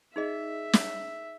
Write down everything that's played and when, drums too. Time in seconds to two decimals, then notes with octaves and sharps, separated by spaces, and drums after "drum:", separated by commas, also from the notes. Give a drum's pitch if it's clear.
0.16 D#4 G#4 D#5 E5
0.73 drum: snare